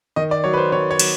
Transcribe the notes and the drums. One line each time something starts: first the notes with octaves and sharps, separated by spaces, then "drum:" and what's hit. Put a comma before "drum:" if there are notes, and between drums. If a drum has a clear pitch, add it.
D#3 D#5
D5
F#3 C#5
B4
C5
D#3 C#5
C#5
F#3, drum: cymbal